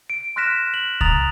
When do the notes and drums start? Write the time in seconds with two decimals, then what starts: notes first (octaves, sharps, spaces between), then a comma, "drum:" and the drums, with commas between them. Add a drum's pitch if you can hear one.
0.10 D7
0.36 C6 F6 F#6 A#6 B6 E7
0.74 F#7
1.01 A#5 D#6 A6 F7, drum: kick C2